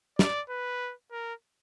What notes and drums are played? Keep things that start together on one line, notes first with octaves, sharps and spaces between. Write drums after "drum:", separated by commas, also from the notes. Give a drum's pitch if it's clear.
D5, drum: snare
B4
A#4